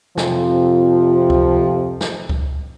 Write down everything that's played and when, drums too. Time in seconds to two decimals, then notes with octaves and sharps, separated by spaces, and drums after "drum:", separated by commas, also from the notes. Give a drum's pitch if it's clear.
0.17 F2 C3 F3, drum: snare
1.30 drum: kick C#2
2.01 drum: snare
2.29 drum: kick C#2